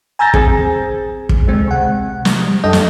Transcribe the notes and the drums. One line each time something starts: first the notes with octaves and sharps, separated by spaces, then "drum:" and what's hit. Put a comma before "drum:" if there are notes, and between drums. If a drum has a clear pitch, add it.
G#5 A#5 E6 G6 A6 A#6
C4 G#4, drum: kick
drum: kick
C#2 G#3 C4
C3 F#5
drum: snare
G3
F#2 D4 A4 D#5 G6
drum: snare